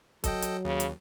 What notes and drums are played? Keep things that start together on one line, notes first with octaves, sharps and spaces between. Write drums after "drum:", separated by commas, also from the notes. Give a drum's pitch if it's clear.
F#3 A4 D#5 G5, drum: kick, hi-hat
drum: hi-hat
D#2 C#3
drum: hi-hat